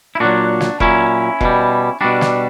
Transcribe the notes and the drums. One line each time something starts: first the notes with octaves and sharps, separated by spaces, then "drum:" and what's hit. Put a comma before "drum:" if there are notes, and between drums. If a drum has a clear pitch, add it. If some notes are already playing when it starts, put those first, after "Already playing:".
E4
A#2 F#3 D4 F#4
drum: snare
A#2 F#3 C#4 E4, drum: kick F1
B2 G3, drum: kick F1
B2 G3 D4 F#4
drum: snare